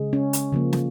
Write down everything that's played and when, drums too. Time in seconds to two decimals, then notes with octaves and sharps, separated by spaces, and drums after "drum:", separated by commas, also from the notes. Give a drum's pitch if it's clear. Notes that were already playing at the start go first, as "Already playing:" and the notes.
Already playing: C#3 G#3
0.13 C#4
0.33 drum: hi-hat
0.53 C#3 F3 A#3
0.73 drum: snare